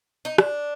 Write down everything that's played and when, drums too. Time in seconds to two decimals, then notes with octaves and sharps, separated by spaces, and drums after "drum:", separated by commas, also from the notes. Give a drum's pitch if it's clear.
0.25 D#4
0.38 D4, drum: rim click